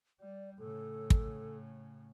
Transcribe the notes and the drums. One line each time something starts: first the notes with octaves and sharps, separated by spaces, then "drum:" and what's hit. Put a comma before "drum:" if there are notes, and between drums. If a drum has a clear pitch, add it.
G3 D5
A2 C#3 A4
drum: kick